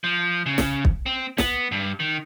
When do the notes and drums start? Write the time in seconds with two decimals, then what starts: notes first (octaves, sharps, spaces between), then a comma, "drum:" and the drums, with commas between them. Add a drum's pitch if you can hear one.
0.04 F3
0.46 C#3
0.58 drum: snare
0.85 drum: kick
1.06 C4
1.38 B3, drum: snare
1.72 G2
2.00 D#3